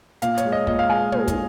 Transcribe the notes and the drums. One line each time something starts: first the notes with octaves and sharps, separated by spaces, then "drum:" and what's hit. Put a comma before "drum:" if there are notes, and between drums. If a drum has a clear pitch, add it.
A#2 F5, drum: hi-hat
C#5, drum: hi-hat
G#3
D#5
A#2 D#5, drum: kick
F5
G#3 G#5
A#2, drum: tom
drum: kick, hi-hat